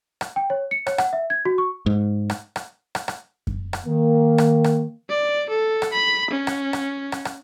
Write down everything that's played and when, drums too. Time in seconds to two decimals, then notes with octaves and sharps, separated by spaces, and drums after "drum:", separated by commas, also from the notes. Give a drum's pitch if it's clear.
0.21 drum: rim click
0.36 G5
0.50 C#5
0.71 C#7
0.87 C#5, drum: rim click
0.98 F#5, drum: rim click
1.13 E5
1.30 G#6
1.45 F#4
1.58 C#6
1.86 G#2
2.30 drum: rim click
2.56 drum: rim click
2.95 drum: rim click
3.08 drum: rim click
3.47 drum: kick F#2
3.73 drum: rim click
3.86 D#3 A#3
4.38 drum: rim click
4.64 drum: rim click
5.09 D5
5.49 A4
5.82 drum: rim click
5.93 B5
6.30 C#4
6.47 drum: rim click
6.73 drum: rim click
7.12 drum: rim click
7.25 drum: rim click